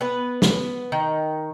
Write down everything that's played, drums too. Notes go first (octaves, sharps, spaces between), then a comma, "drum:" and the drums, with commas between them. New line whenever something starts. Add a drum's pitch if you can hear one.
B3 B4
B3, drum: snare
D#3